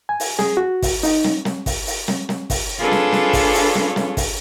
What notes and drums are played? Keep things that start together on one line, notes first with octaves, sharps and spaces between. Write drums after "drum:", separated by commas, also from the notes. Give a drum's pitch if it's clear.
G#5
drum: open hi-hat
G#4, drum: snare
F#4
drum: kick, open hi-hat
D#4, drum: open hi-hat
drum: snare
drum: snare
drum: kick, open hi-hat
drum: open hi-hat
drum: snare
drum: snare
drum: kick, open hi-hat
D4 F4 G#4 A4 B4 C#5
drum: snare
drum: snare
drum: kick, open hi-hat
drum: open hi-hat
drum: snare
drum: snare
drum: kick, open hi-hat